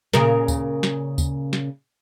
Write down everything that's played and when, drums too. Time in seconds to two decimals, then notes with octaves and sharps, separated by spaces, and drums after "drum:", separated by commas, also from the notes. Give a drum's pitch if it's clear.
0.13 A#2 C#3 A#4, drum: snare
0.48 drum: kick D2, tambourine
0.83 drum: snare
1.18 drum: kick D2, tambourine
1.53 drum: snare